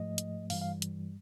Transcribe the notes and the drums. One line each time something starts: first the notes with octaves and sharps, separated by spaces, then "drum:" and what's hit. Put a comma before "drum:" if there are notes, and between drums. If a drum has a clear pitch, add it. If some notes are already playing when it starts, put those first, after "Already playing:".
Already playing: G#2 F3 A3 D#5
drum: hi-hat
G2 E3 G3 F5, drum: open hi-hat
F5
drum: hi-hat